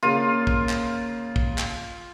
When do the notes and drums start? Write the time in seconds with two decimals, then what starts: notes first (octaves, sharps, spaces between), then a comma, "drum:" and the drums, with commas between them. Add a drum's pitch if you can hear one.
0.03 C#3 A#3 F4
0.47 drum: kick A#1
0.69 drum: clap
1.36 drum: kick A#1
1.58 drum: clap